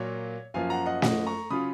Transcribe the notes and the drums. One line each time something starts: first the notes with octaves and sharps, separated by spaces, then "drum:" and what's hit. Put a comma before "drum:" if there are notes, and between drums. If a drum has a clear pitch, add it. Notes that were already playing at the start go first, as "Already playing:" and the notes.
Already playing: A#2 F#3 A#3 C#5
F#2 F3 A#3 F4 F5 G#5
F#5 A#5
D#5 F#5
D#5 F#5, drum: snare
A#5 C#6
C#3 F#3 C#4 F4 B5 D#6